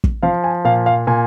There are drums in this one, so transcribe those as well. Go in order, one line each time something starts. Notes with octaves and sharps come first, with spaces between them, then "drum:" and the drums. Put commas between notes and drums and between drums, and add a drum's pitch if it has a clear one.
drum: kick
F3 F5
G#5
A#2 F5
F5
A#2 G#5